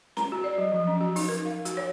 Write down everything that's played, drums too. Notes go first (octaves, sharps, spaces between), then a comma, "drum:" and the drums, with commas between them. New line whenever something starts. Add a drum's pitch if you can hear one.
A#5, drum: snare
F#4
D5
F#3
F3
C#4
F#4
D#4, drum: open hi-hat
A#4
F5
F#4, drum: hi-hat
C#5